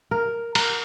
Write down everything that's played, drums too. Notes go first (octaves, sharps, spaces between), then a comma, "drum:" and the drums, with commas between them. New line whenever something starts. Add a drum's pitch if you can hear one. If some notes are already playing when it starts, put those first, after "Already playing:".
A#4
A#4, drum: cymbal